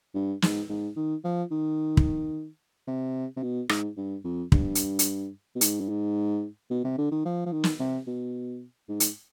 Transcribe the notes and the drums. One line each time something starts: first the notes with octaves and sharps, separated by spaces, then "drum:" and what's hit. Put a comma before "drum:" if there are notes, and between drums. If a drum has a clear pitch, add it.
G2
G#2, drum: snare
G#2
D#3
F3
D#3
drum: kick
C3
C3
B2
G#2, drum: rim click
G2
F2
G2, drum: kick
drum: hi-hat
drum: hi-hat
B2
G#2, drum: hi-hat
G2
G#2
B2
C3
D3
D#3
F3
F3
D#3
drum: snare
C3
B2
G#2
drum: hi-hat